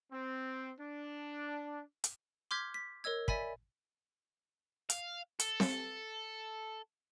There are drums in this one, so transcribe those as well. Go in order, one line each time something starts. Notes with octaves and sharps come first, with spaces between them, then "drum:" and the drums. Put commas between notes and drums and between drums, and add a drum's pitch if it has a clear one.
C4
D4
drum: hi-hat
C6 D6 F6 G6 G#6 B6
B6
A#4 C#5 D#5 E6 G#6
D5 E5 G#5 B5 B6, drum: kick
F5, drum: hi-hat
A4, drum: hi-hat
drum: snare C4